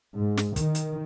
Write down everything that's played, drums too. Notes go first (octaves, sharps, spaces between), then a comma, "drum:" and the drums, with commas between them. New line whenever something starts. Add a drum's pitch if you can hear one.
G#2
drum: snare
D#3, drum: kick, hi-hat
drum: hi-hat